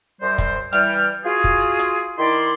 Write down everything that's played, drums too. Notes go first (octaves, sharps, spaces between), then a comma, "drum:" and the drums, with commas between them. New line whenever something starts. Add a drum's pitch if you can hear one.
F#2 G3 C5
drum: kick, hi-hat
E3 G3 G5 F6, drum: hi-hat
F4 F#4 G#4
drum: kick
drum: hi-hat
D#3 E4 D5 C6